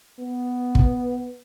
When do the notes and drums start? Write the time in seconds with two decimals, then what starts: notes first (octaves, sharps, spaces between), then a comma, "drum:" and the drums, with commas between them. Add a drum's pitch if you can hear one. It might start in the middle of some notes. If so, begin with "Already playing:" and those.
0.19 B3
0.75 drum: kick